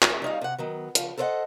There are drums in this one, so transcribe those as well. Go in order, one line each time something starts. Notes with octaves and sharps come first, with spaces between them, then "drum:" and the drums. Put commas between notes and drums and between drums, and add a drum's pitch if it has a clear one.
drum: clap
G3 D#4 F5
C3 F#5
D#3 F#3 B3
C#3 F3, drum: hi-hat
A4 A#4 C5 C#5 D#5 F#5